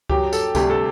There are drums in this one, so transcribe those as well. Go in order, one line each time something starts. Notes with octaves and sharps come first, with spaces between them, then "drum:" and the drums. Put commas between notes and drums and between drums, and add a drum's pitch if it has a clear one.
F#2 F#3 G4, drum: kick C#2
A4, drum: tambourine
D2 C3 G3 G4, drum: kick C#2, tambourine
A4